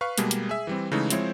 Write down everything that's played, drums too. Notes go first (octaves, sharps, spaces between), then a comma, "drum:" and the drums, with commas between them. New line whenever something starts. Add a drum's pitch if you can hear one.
B4 F5 C#6
B2 G3 G#3 A#3, drum: hi-hat
drum: hi-hat
G#4 E5
E3 G3 C4
C#3 E3 G#3 A3 D#4
F3 G#3 C4 E4 C5 C#5, drum: hi-hat